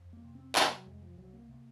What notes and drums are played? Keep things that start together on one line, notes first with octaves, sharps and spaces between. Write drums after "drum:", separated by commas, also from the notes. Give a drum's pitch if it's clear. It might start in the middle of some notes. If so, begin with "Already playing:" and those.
Already playing: F2
A#3
C3
C4
C3 A#3, drum: clap
F#3
F2 G#3
F3
C2 F#3
A#3
C3 A#3